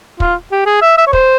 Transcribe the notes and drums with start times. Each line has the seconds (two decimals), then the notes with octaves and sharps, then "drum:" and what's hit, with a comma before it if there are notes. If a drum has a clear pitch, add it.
0.20 F4, drum: kick
0.52 G4
0.66 G#4
0.82 E5
0.98 E5
1.07 C#5
1.13 C5, drum: kick